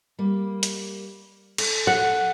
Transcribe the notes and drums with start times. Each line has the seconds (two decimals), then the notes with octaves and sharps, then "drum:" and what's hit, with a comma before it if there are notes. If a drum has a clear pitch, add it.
0.19 G3 A#3
0.63 drum: hi-hat
1.58 A4, drum: cymbal
1.87 F#5